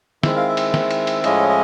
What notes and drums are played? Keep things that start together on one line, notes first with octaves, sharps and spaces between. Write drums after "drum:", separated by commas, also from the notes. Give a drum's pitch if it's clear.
D#3 G#3 C4 E4 E5, drum: snare
F5
E5
drum: cymbal
drum: snare
drum: cymbal
drum: cymbal
A2 F3 G#3 C#4 E4 D#5, drum: cymbal
D#5